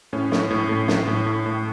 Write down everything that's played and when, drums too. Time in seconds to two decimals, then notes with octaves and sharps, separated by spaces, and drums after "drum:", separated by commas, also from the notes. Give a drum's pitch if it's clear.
0.13 A2 C#4
0.32 A2, drum: snare
0.51 A2
0.69 A2
0.88 A2, drum: snare
1.07 A2
1.27 A2
1.46 A2